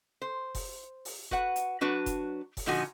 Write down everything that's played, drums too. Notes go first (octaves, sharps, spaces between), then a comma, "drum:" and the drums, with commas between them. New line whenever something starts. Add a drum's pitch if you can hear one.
C5
drum: kick F1, open hi-hat
drum: open hi-hat
F#4 B4 F#5, drum: kick F1
drum: hi-hat
F#3 D4 F#4 B4
drum: kick F1, hi-hat
drum: kick F1, open hi-hat
A#2 D3 F3 D#4 F#4 G#5